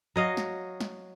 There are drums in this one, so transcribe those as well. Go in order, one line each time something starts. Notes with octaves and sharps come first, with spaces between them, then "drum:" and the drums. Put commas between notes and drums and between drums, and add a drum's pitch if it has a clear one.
F#3 D#5 F5
drum: snare
drum: snare